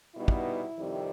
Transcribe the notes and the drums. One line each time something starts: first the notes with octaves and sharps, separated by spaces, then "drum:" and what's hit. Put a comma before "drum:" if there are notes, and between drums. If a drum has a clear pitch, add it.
B2 G3 B3 D#4 E4
drum: kick
F2 C3 D#3 G3